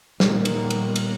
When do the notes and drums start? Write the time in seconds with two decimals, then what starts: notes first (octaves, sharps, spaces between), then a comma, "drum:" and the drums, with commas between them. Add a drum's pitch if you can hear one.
0.20 A#2 D#3 F3 G3 A#3 B3, drum: snare
0.45 drum: cymbal
0.70 drum: cymbal
0.96 drum: cymbal